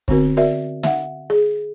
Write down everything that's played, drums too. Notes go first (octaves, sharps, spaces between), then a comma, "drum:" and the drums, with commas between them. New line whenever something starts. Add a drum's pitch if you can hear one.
D3 B3 C4 F#4 A#4, drum: kick
F#4 A#4 D5 E5
E5 F#5, drum: snare
G#4